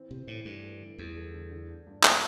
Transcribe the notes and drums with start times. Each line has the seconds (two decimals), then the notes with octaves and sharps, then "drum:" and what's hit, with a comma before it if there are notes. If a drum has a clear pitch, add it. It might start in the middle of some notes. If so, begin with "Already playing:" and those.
Already playing: E3 C4
0.11 C3 C5
0.27 A2 E3
0.45 G2 A3
0.63 A4
0.81 E3
0.98 E2 G3
1.16 A4
1.33 D3
1.51 D3
1.69 D4
1.87 G2
2.04 C3, drum: clap